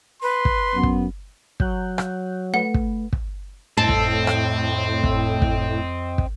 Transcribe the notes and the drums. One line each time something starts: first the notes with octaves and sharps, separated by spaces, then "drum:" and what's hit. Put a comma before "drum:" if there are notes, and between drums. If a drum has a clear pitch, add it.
B4 C6
drum: kick
F#2 B3
drum: kick
F#3 F#6 G6, drum: kick
drum: rim click
A3 B4 F#5
drum: kick
drum: kick
F2 A2 C4 A4 D#5
drum: kick
drum: rim click
drum: kick
drum: kick
drum: kick